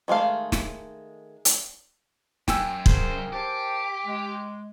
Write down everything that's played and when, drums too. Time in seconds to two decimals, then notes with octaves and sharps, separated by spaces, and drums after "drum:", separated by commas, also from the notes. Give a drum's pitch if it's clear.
0.08 D#3 G#3 A3 F5
0.52 drum: snare
1.45 drum: hi-hat
2.48 F#2 G5 G#5 E6, drum: snare
2.86 C#3 G#4 A#4 C5, drum: kick
3.33 G4 A#4 C5 A5 D6
4.06 G#3